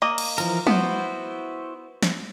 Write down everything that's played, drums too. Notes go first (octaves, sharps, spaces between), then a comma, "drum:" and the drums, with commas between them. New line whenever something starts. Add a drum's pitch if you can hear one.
A#3 D#5
drum: cymbal
E3 F3 A#4, drum: tambourine
B3 E4 F#4 C5, drum: tom
drum: snare